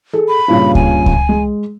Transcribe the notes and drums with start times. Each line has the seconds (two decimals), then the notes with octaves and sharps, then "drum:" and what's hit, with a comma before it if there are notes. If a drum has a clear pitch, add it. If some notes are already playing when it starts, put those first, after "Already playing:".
0.13 G#4 A4
0.29 B5
0.48 G2 A#2 C#3
0.75 G#5, drum: kick C#2
1.06 drum: kick C#2
1.29 G#3